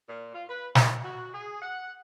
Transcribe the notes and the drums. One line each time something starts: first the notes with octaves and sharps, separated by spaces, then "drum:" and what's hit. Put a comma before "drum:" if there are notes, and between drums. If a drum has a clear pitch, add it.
A#2
F4
B4
D#4, drum: snare
F#4
G#4
F#5